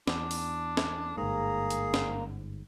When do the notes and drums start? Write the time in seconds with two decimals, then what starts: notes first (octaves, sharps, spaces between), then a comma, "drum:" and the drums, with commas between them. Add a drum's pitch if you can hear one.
0.07 E2 D4, drum: snare
0.31 drum: open hi-hat
0.77 drum: snare
1.17 G1 G#2 A#3 G#4 A#5
1.70 drum: hi-hat
1.94 drum: snare